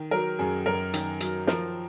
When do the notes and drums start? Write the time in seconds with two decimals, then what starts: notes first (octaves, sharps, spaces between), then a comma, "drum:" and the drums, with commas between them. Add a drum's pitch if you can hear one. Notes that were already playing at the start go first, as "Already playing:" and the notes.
Already playing: D#3
0.11 F#3 A#4
0.39 F#2 G#4
0.66 F#2 A#4
0.94 D#3, drum: hi-hat
1.20 F#3, drum: hi-hat
1.47 F3 A#4, drum: snare